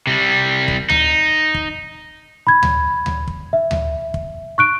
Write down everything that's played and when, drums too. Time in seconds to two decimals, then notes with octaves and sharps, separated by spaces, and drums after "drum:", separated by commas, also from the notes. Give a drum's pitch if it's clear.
0.07 C3 G3
0.68 drum: kick
0.90 D#4, drum: tom D2
1.54 drum: kick
2.47 B5 G#6
2.63 drum: tom D2
3.06 drum: tom D2
3.27 drum: kick
3.53 E5
3.71 drum: tom D2
4.14 drum: kick
4.58 C#6 F#6 D7